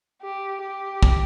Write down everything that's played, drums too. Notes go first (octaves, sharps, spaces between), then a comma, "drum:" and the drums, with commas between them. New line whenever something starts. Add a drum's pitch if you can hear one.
G4
G4
drum: kick